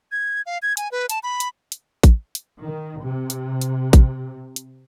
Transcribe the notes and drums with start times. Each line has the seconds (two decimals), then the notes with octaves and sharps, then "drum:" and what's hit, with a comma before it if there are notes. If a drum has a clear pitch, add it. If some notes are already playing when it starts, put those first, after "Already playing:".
0.12 G#6
0.46 F5
0.62 G#6
0.77 G#5, drum: hi-hat
0.92 B4
1.10 A5, drum: hi-hat
1.23 B5
1.40 drum: hi-hat
1.72 drum: hi-hat
2.03 drum: kick A1, hi-hat
2.35 drum: hi-hat
2.61 D#3
3.03 C3
3.30 drum: hi-hat
3.62 drum: hi-hat
3.93 drum: kick A1, hi-hat
4.56 drum: hi-hat